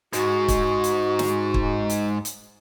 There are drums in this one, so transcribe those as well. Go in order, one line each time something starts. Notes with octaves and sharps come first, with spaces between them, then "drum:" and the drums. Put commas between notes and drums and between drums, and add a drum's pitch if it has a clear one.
G#2 G#3 F#4, drum: hi-hat
drum: kick, hi-hat
drum: hi-hat
drum: snare
drum: kick
drum: hi-hat
drum: hi-hat